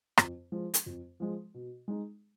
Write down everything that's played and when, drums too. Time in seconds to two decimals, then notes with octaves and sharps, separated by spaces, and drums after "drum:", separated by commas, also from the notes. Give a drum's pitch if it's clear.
0.17 F2, drum: rim click
0.52 F3 G#3
0.74 drum: hi-hat
0.86 F2
1.20 F3 G#3
1.54 B2
1.88 G#3 D#4